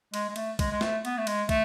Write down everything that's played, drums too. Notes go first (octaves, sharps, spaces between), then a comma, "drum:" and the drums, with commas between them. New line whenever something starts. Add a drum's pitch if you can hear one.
G#3, drum: cymbal
G#3
A3, drum: cymbal
G#3, drum: kick, cymbal
G#3
A3, drum: snare
B3, drum: cymbal
A3
G#3, drum: cymbal
A3, drum: kick, cymbal